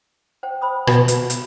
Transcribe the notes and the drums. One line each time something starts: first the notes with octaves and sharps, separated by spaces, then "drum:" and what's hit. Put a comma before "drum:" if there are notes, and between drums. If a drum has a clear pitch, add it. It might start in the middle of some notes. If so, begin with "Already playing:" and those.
C5 F#5 G5
C5 B5 D#6
B2, drum: rim click
drum: hi-hat
drum: hi-hat